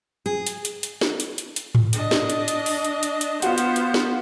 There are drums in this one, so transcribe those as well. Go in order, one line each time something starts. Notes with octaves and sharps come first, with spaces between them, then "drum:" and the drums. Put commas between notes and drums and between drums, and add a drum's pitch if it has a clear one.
G#4
drum: hi-hat
drum: hi-hat
drum: hi-hat
drum: snare
drum: hi-hat
drum: hi-hat
drum: hi-hat
drum: tom G#2
D4 D#5, drum: hi-hat
drum: snare
drum: hi-hat
drum: hi-hat
drum: open hi-hat
drum: hi-hat
drum: hi-hat
drum: hi-hat
B3 F4 F#4 C5, drum: hi-hat
drum: hi-hat
drum: hi-hat
drum: snare